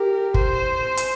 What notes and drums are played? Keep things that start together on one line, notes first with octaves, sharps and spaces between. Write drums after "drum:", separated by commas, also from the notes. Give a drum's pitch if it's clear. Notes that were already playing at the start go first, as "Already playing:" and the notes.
Already playing: G4 A#4
C5, drum: kick
drum: hi-hat